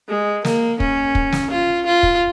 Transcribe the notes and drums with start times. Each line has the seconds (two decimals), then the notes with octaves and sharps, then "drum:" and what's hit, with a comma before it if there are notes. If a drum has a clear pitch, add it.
0.09 G#3
0.45 A#3, drum: snare
0.80 C#4, drum: kick
1.15 drum: kick
1.33 drum: snare
1.50 F4
1.86 F4
2.03 drum: kick